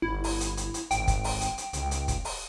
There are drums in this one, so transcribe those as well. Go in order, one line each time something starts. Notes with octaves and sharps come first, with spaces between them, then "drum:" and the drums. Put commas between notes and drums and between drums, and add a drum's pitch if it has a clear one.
G1 E4
drum: open hi-hat
drum: hi-hat
drum: hi-hat
drum: hi-hat
G#1 G5, drum: hi-hat
drum: kick, hi-hat
drum: open hi-hat
drum: hi-hat
drum: hi-hat
C#2, drum: hi-hat
drum: hi-hat
drum: kick, hi-hat
drum: open hi-hat